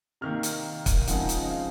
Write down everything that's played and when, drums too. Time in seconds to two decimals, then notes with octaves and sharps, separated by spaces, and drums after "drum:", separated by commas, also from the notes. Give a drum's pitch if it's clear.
0.21 C3 D#3 A#3 F6
0.43 drum: hi-hat
0.86 drum: kick, hi-hat
1.07 C#3 F3 G#3 C4 D#4 F#5, drum: hi-hat
1.29 drum: hi-hat
1.43 D#5
1.50 F5